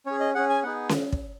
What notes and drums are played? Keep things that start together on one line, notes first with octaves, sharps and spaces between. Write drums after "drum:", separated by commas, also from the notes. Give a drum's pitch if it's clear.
C#4 G#4 C#5
D#5
C#4 G#4 F#5
G#5
B3 D#4 G#4 F#5
drum: snare C#4
drum: kick